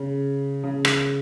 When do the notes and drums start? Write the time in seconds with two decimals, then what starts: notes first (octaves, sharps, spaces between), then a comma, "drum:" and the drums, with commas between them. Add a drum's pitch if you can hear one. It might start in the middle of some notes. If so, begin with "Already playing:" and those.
Already playing: C#3
0.64 C#3
0.85 drum: rim click